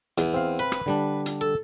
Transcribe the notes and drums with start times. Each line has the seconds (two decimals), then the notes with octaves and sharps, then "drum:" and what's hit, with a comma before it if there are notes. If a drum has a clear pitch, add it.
0.18 E2, drum: hi-hat
0.34 C4 F5
0.59 B4
0.72 drum: rim click
0.86 D3 G3 D4
1.26 drum: hi-hat
1.41 A4